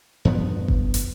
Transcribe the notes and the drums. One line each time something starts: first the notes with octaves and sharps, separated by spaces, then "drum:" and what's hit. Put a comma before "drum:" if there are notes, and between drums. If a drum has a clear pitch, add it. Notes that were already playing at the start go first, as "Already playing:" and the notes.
E2 G2 F3 B3
drum: kick G1
drum: hi-hat